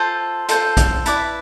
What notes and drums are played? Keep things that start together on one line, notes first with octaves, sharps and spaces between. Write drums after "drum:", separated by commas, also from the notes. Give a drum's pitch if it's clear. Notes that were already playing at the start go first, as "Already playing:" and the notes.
Already playing: F4 A4 C5 A5
F4 A4 C5, drum: hi-hat
drum: kick A#1, hi-hat
E4 B4 D5 A5, drum: hi-hat